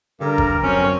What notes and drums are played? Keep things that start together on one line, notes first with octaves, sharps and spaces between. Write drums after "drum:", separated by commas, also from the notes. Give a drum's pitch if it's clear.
G2 D3 A#4
drum: kick
F#2 C4 C#4 C#5